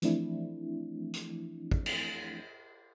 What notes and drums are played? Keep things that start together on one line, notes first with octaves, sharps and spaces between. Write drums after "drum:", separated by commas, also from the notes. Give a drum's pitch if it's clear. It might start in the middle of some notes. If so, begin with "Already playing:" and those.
E3 F3 A3 C4 D4 E4, drum: hi-hat
drum: hi-hat
drum: kick
drum: cymbal